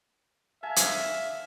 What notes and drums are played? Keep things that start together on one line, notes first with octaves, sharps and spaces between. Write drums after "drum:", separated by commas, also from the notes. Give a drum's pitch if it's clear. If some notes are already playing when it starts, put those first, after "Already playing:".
E5 F5 G#5 A5
drum: hi-hat